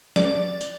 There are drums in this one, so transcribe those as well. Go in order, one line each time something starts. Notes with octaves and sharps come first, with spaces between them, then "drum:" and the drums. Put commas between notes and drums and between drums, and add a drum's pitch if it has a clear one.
D5, drum: snare
drum: tambourine